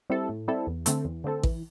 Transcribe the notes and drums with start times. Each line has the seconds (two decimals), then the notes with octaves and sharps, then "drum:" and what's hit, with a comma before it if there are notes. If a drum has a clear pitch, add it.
0.10 G3 C4 E4 A4
0.29 A2
0.48 G3 C4 E4 A4
0.67 E2
0.86 D3 A3 C4 A4, drum: hi-hat
1.05 E2
1.24 D3 A3 C4 A4
1.43 E3, drum: kick A1